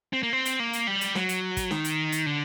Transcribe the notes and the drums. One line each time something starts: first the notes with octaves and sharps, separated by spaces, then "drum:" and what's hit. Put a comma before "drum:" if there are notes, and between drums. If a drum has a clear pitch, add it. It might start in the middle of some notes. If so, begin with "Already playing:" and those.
C4
A#3
C4
drum: hi-hat
A#3
drum: hi-hat
G3
drum: hi-hat
F#3, drum: snare
drum: hi-hat
drum: kick, hi-hat
D#3, drum: snare
drum: hi-hat
drum: hi-hat
D3